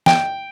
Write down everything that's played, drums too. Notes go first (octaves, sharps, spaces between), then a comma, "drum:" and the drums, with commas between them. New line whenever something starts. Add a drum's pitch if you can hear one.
G5, drum: snare